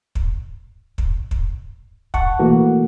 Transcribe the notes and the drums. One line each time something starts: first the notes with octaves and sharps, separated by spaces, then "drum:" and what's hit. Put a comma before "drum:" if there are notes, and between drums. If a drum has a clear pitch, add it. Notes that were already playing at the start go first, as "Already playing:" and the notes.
drum: kick
drum: kick
drum: kick
F#5 A5 C#6, drum: kick
B2 E3 A3 A#3 F#4